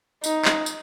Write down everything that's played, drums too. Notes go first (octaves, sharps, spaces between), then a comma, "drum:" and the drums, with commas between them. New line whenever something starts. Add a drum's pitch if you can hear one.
D#4, drum: tambourine
drum: clap
drum: tambourine